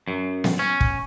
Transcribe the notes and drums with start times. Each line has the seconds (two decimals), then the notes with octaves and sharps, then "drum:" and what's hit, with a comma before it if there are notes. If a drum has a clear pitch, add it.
0.08 F#2
0.44 drum: snare B3
0.59 C#4
0.80 drum: kick